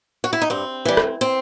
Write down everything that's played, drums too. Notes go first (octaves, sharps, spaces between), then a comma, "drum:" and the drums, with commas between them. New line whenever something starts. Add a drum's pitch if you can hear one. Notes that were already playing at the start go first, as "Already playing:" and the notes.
F#4
E4
D#4
G2 C4
E3 G3
drum: rim click
C4